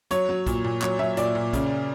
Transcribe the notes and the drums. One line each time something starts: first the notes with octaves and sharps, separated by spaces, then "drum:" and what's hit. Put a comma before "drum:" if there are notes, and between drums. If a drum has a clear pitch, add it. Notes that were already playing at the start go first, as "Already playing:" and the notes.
F#3 C#5, drum: hi-hat
F#3
A#2, drum: kick B1, hi-hat
A#2
F#3 C#5, drum: clap
F#3 E5
A#2 D5, drum: hi-hat
A#2
C#3, drum: kick B1, hi-hat